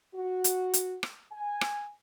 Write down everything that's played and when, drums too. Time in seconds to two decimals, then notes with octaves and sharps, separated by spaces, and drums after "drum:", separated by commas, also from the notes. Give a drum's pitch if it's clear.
0.14 F#4
0.44 drum: hi-hat
0.74 drum: hi-hat
1.03 drum: rim click
1.32 G#5
1.61 drum: rim click